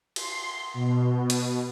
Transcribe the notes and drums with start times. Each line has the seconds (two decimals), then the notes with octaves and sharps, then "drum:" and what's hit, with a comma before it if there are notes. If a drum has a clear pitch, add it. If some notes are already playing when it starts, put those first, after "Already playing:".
0.16 C6, drum: cymbal
0.74 B2
1.30 drum: hi-hat